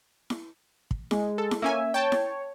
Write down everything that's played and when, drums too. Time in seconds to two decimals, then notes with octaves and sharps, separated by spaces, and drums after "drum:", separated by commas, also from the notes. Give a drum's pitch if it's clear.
0.30 drum: snare E4
0.91 drum: kick
1.11 G#3, drum: snare E4
1.38 A4
1.51 drum: snare E4
1.62 A#3 C#4 E5 G#5
1.94 C#5 G5 A5
2.12 drum: snare E4